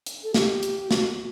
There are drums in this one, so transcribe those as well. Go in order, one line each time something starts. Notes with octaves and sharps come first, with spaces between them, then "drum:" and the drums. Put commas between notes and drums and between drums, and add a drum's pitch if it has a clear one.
drum: hi-hat
A4
G4, drum: snare
drum: hi-hat
F#4, drum: snare
F#4